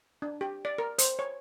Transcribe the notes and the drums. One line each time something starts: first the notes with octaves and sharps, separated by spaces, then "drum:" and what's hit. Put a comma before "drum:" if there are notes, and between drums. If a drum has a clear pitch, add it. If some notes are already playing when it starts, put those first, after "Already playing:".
D4
G4
D5
A#4
C5, drum: hi-hat
C#5